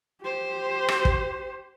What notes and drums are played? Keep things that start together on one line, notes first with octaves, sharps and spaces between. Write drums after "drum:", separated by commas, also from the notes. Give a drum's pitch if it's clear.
G4 C5
drum: rim click
drum: kick